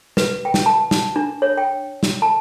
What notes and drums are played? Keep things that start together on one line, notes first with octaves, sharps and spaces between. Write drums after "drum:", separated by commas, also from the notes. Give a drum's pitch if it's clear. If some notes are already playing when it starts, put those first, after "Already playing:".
B4, drum: snare
G5
drum: snare
A5
drum: snare
D4
C#5
G5
drum: snare
A5